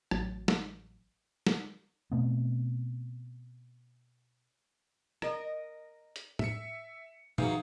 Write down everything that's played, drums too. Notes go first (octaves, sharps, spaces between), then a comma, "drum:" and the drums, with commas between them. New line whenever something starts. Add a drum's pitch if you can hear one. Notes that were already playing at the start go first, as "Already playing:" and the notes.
A1 F#3 A6, drum: rim click
drum: snare
drum: snare
B2 A3 B3 C4
A#4 D#5, drum: rim click
drum: hi-hat
E5 C#7, drum: tom
E3 F#3 D#4 G#4 F5, drum: tom